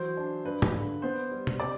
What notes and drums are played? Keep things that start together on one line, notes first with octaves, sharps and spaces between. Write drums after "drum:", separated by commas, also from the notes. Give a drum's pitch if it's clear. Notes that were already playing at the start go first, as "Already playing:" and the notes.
Already playing: E3 F#3 C5
D4
G2 B4
drum: tom
D3
B3 C5
G3
drum: tom
C3 D5